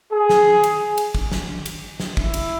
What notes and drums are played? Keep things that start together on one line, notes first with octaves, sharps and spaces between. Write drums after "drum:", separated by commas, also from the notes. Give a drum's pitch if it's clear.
G#4
drum: snare
drum: cymbal
drum: cymbal
drum: kick
drum: snare
drum: cymbal
drum: snare
E4, drum: kick
drum: cymbal